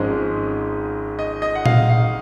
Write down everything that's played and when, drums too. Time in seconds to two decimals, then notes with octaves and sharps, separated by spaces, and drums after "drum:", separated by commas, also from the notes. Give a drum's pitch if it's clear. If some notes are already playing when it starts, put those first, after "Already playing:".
Already playing: G#1 G#2 F3 G#3 C#4 D#5
1.19 D#5
1.42 D#5
1.55 F#5
1.66 F5, drum: tom A#2
1.89 F5